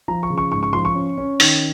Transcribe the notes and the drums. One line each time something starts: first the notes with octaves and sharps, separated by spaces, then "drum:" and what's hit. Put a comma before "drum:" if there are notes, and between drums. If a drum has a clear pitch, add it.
F3 A#5
C#6
C#3
C#6
G#2 C#6
C#6
F3 C6
C#6
C#4
C#4
D#3, drum: open hi-hat